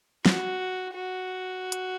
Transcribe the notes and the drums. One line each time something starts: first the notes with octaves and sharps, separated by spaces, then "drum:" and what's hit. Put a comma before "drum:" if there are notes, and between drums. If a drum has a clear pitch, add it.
F#4, drum: snare
F#4
drum: hi-hat